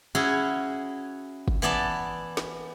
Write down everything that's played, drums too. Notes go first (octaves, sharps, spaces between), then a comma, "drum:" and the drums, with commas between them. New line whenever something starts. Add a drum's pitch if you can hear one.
C#4 E4 F#4 G#4 C#5
drum: kick
E3 B3 D5 A5
drum: snare